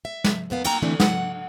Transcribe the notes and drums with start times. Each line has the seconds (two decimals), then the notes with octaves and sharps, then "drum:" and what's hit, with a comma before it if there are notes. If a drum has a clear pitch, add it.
0.05 E5
0.24 drum: snare
0.50 D#2 D#3 B3 F5
0.64 A#3 G5 A#5, drum: cymbal
0.82 D3 E3 A3 C4 D4
1.00 F#5, drum: snare